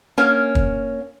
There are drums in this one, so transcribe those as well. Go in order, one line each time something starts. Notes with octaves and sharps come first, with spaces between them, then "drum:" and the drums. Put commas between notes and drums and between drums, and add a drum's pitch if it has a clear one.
A#3 C#4
drum: kick